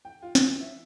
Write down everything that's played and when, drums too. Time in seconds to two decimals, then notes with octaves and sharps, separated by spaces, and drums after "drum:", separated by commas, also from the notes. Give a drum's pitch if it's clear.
0.05 G5
0.22 F4
0.35 E3, drum: snare
0.60 E5